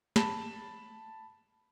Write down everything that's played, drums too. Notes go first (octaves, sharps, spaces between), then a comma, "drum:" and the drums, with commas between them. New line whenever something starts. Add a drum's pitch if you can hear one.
A5 B5, drum: snare